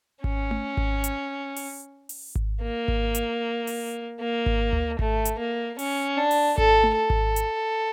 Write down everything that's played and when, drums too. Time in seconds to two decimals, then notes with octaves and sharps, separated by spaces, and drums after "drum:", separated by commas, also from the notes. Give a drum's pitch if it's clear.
0.24 C#4, drum: kick G#1
0.51 drum: tom A3
0.77 drum: kick G#1
1.04 drum: hi-hat
1.56 drum: open hi-hat
2.09 drum: open hi-hat
2.35 drum: kick G#1
2.62 A#3
2.88 drum: kick G#1
3.15 drum: hi-hat
3.67 drum: open hi-hat
4.20 A#3
4.46 drum: kick G#1
4.73 drum: tom D2
4.99 A3, drum: kick G#1
5.25 drum: hi-hat
5.38 A#3
5.79 C#4, drum: open hi-hat
6.17 D4
6.31 drum: open hi-hat
6.58 A4, drum: kick G#1
6.83 drum: tom A3
6.96 A4
7.10 drum: kick G#1
7.36 drum: hi-hat